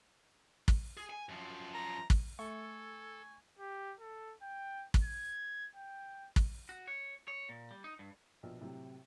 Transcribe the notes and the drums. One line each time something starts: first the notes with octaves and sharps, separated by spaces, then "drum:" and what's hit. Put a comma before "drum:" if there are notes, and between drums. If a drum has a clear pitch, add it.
drum: kick
G#4
G#5
F#2 F3
A#5
drum: kick
A3 A4 G#5 C#6
G4
A4
G5
drum: kick
G#6
G5
drum: kick
F#4
C#5
C#5
A#2
G3
D#4
G2
A#1 B2
A2 C3 F#3